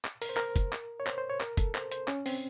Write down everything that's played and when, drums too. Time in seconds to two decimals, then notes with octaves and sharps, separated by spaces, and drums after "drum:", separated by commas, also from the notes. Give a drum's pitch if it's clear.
0.05 drum: clap
0.22 A#4, drum: open hi-hat
0.29 C5
0.37 A#4, drum: clap
0.56 drum: kick, hi-hat
0.73 drum: clap
1.00 C#5
1.07 C5, drum: clap
1.18 C5
1.30 C#5
1.40 A#4, drum: clap
1.57 A4, drum: kick, hi-hat
1.75 C5, drum: clap
1.91 C5, drum: hi-hat
2.08 C#4, drum: clap
2.26 C4, drum: open hi-hat